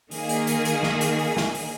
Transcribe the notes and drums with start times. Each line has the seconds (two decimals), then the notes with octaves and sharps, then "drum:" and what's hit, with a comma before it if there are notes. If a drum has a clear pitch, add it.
0.11 D#3 A#3 G#4, drum: open hi-hat
0.29 drum: hi-hat
0.47 drum: hi-hat
0.65 drum: hi-hat
0.83 drum: snare
1.01 drum: hi-hat
1.19 drum: open hi-hat
1.37 drum: snare
1.55 drum: open hi-hat